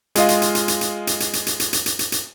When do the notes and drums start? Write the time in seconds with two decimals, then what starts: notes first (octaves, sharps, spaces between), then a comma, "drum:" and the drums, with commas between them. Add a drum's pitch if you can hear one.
0.15 G#3 F4 D#5 F5, drum: hi-hat
0.29 drum: hi-hat
0.42 drum: hi-hat
0.55 drum: hi-hat
0.68 drum: hi-hat
0.81 drum: hi-hat
1.07 drum: hi-hat
1.20 drum: hi-hat
1.33 drum: hi-hat
1.47 drum: hi-hat
1.60 drum: hi-hat
1.73 drum: hi-hat
1.86 drum: hi-hat
1.99 drum: hi-hat
2.12 drum: hi-hat